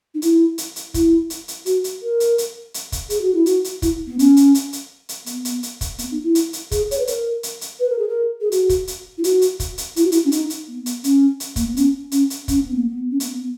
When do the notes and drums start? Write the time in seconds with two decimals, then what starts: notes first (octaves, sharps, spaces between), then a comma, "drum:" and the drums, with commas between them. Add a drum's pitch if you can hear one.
0.15 D#4
0.22 E4, drum: hi-hat
0.58 drum: hi-hat
0.76 drum: hi-hat
0.94 E4, drum: kick, hi-hat
1.30 drum: hi-hat
1.48 drum: hi-hat
1.66 F#4, drum: hi-hat
1.84 drum: hi-hat
2.03 A#4
2.20 drum: hi-hat
2.38 drum: hi-hat
2.74 drum: hi-hat
2.92 drum: kick, hi-hat
3.10 G#4, drum: hi-hat
3.22 F#4
3.35 E4
3.46 F#4, drum: hi-hat
3.64 drum: hi-hat
3.82 E4, drum: kick, hi-hat
4.08 B3
4.19 C#4, drum: hi-hat
4.37 drum: hi-hat
4.55 drum: hi-hat
4.73 drum: hi-hat
5.09 drum: hi-hat
5.26 B3, drum: hi-hat
5.45 drum: hi-hat
5.63 drum: hi-hat
5.81 drum: kick, hi-hat
5.99 B3, drum: hi-hat
6.11 D#4
6.24 E4
6.35 drum: hi-hat
6.53 drum: hi-hat
6.71 G#4, drum: kick, hi-hat
6.91 C#5, drum: hi-hat
6.99 B4
7.07 A#4, drum: hi-hat
7.43 drum: hi-hat
7.61 drum: hi-hat
7.80 B4
7.90 A#4
7.98 G#4
8.09 A#4
8.41 G#4
8.52 F#4, drum: hi-hat
8.69 drum: kick, hi-hat
8.87 drum: hi-hat
9.18 E4
9.24 F#4, drum: hi-hat
9.42 drum: hi-hat
9.60 drum: kick, hi-hat
9.78 drum: hi-hat
9.96 E4, drum: hi-hat
10.04 F#4
10.12 E4, drum: hi-hat
10.25 C#4
10.32 D#4, drum: hi-hat
10.50 drum: hi-hat
10.68 B3
10.86 drum: hi-hat
11.04 C#4, drum: hi-hat
11.40 drum: hi-hat
11.56 A#3, drum: kick, hi-hat
11.66 B3
11.77 C#4, drum: hi-hat
12.12 C#4, drum: hi-hat
12.30 drum: hi-hat
12.48 C#4, drum: kick, hi-hat
12.62 B3
12.75 A#3
12.89 B3
13.11 C#4
13.20 B3, drum: hi-hat
13.32 B3